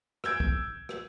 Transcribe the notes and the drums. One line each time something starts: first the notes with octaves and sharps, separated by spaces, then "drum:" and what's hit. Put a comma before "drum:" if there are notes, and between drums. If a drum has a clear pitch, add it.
E6 G6 G#6 D7, drum: rim click
drum: kick
drum: rim click